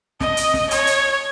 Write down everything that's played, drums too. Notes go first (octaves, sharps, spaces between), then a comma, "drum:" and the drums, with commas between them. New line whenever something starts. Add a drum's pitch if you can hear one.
D#5, drum: snare
drum: hi-hat
drum: snare
C#5, drum: hi-hat
drum: hi-hat